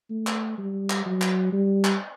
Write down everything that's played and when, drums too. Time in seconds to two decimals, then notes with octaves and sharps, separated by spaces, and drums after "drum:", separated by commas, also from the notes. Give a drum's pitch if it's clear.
0.11 A3
0.27 drum: clap
0.58 G3
0.90 drum: clap
1.06 F#3
1.22 drum: clap
1.53 G3
1.85 drum: clap